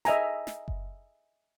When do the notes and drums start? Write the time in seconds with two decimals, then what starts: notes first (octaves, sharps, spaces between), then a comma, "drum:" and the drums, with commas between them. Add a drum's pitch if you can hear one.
0.05 D#5 E5 G#5 A#5, drum: snare
0.47 drum: snare
0.68 drum: kick F#1